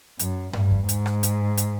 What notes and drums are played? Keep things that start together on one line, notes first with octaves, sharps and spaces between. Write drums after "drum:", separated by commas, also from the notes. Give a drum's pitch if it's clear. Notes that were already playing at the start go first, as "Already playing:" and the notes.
F#2, drum: hi-hat
G2, drum: tom G2
drum: kick E2
G#2, drum: hi-hat
drum: rim click
drum: hi-hat
drum: hi-hat